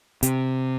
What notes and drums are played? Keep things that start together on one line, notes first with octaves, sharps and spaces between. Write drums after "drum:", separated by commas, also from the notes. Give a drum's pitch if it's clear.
C3, drum: hi-hat